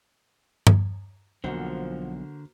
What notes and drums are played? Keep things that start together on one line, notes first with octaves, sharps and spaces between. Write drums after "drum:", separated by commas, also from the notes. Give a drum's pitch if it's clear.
drum: tom G2
B1 D3 F3 A#3 F#4 C5